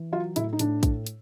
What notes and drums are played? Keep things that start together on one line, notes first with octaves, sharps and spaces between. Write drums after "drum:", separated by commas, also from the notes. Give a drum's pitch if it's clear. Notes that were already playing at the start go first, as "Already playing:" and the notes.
Already playing: E3
F#3 F4
A2 E4, drum: hi-hat
D#4
A2 D4, drum: hi-hat
A2, drum: kick, hi-hat
drum: hi-hat